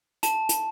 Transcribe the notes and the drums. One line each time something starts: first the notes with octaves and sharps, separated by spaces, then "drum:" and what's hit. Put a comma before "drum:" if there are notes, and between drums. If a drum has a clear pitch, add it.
A5, drum: hi-hat
drum: hi-hat